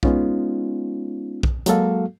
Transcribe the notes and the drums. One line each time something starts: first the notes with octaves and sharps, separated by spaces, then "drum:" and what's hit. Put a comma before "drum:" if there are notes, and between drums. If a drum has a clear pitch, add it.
G#3 B3 C#4 D#4 F4, drum: kick B1
drum: kick B1
F#3 G#3 A#3 F#4 A4 F5, drum: hi-hat